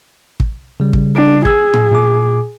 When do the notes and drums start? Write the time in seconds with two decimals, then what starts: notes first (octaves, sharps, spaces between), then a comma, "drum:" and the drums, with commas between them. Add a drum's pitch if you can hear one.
0.40 drum: kick
0.80 C#3 G3
0.93 drum: kick
1.15 D4
1.45 G#4 E6 G#6, drum: kick
1.73 drum: tom A2
1.92 A#2 D6